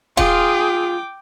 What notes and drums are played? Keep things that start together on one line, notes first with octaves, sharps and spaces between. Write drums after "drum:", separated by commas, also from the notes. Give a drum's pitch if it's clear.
F4 G#4 G5 D6, drum: kick D#1